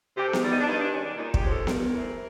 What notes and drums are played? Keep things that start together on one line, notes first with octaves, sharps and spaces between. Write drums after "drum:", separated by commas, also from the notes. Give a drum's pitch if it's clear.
C3 G4
A4
G#4, drum: snare B3
D#3 G3 B3
D#4
D4
G2 D#4
D4
D#3 G#3 C#4
D4
A#2 D#4
G4, drum: kick
F3 G#3 C#4
A4
G2 A#4, drum: snare B3
E3 A3 C4